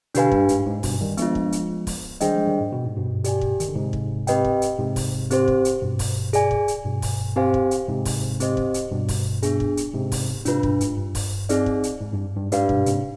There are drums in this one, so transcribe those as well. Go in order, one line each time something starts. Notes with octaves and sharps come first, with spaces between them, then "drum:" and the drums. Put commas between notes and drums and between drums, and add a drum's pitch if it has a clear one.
B2 D3 D4 G4 B4 F5 G#5, drum: hi-hat
G2, drum: kick
G#2, drum: hi-hat
G#2
G2 B2, drum: kick, open hi-hat
D#3 G3
F3 G#3 B3 D4 F4, drum: hi-hat
drum: kick
drum: hi-hat
drum: kick, open hi-hat
D#3 G3 D4 G#4 C5 D#5 G5, drum: hi-hat
F3 G#3
D#3 G3
G#2
B2
G#2
G2 B2
G4 D5 G#5, drum: hi-hat
drum: kick
D#3, drum: hi-hat
D3
G#2 C3
drum: kick
C4 G4 B4 D#5 G5, drum: hi-hat
drum: kick
drum: hi-hat
G#2 C3
drum: kick, open hi-hat
C4 G4 C5, drum: hi-hat
drum: kick
drum: hi-hat
G2 B2
drum: kick, open hi-hat
G#4 D5 G#5, drum: hi-hat
drum: kick
drum: hi-hat
G2 B2
drum: kick, open hi-hat
C4 G4 C5 F5 G#5
drum: kick
drum: hi-hat
G#2 C3
drum: kick, open hi-hat
C4 G4 C5 D#5, drum: hi-hat
drum: kick
drum: hi-hat
G2 B2
drum: kick, open hi-hat
B3 D4 G#4, drum: hi-hat
drum: kick
drum: hi-hat
G#2 C3
drum: kick, open hi-hat
G#2 C3 D4 F4 B4, drum: hi-hat
G2 B2, drum: kick
G#2, drum: hi-hat
G2
drum: kick, open hi-hat
C4 D#4 G#4 D5, drum: hi-hat
drum: kick
drum: hi-hat
G#2
G2
G2
G#2 D4 G4 B4 D5 F5, drum: hi-hat
G2 B2, drum: kick
G#2 C3, drum: hi-hat